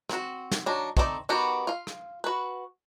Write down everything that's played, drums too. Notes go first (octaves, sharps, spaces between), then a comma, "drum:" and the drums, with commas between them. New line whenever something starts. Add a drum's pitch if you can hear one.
C4 F#4, drum: rim click
drum: snare
F#3 D4 D#4
A3 C4 D#4 F#4 D5, drum: kick
D#3 B3 F#4 G4
F4 F5
drum: rim click
F#4 B4